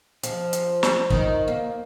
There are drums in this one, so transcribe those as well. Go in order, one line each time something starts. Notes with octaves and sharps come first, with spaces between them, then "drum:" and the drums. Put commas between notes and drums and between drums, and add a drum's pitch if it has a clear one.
F3, drum: hi-hat
drum: hi-hat
drum: snare
D#3, drum: kick
A#3